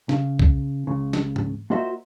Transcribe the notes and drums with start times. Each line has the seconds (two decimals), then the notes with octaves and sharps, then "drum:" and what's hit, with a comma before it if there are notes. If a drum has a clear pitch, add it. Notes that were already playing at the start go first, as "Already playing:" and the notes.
0.09 C#3, drum: snare
0.39 drum: kick C2
0.87 C#2 C#3
1.13 drum: snare
1.36 drum: tom G#2
1.70 A#3 F4 F#4 C5 D#5 E5